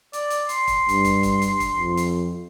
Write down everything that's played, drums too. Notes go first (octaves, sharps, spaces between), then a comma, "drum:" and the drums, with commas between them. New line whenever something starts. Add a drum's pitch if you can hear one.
D5, drum: hi-hat
drum: hi-hat
C6, drum: hi-hat
drum: kick, hi-hat
G2, drum: hi-hat
drum: kick, hi-hat
drum: kick, hi-hat
drum: hi-hat
drum: kick, hi-hat
F2
drum: hi-hat